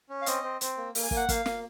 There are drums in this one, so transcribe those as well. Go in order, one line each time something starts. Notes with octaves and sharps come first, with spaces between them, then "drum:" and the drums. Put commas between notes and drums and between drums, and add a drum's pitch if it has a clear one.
C#4
F5
C4 D#5, drum: hi-hat
C4
C4, drum: hi-hat
A#3
A#3, drum: open hi-hat
G#5
A#3, drum: kick
F#5
A#3 F5, drum: kick, hi-hat
A#3, drum: snare